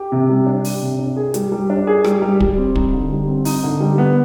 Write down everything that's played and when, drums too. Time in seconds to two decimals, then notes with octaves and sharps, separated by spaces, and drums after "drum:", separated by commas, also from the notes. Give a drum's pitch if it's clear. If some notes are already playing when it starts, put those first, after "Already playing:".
Already playing: G4
0.12 C3
0.29 G3
0.47 D4
0.64 G4, drum: open hi-hat
0.82 C3
0.99 D4
1.17 G#4
1.34 G3, drum: hi-hat
1.52 G3
1.70 D4
1.87 G#4
2.04 G3, drum: rim click
2.22 G3
2.40 G3, drum: kick
2.58 C4
2.75 D#4, drum: kick
2.93 D3
3.10 G3
3.28 C4
3.45 D#4, drum: open hi-hat
3.64 D3
3.80 G3
3.98 B3